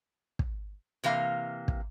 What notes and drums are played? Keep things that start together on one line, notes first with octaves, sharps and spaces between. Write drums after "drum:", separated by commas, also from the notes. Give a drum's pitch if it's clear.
drum: kick
C3 E3 A#3 F5
drum: kick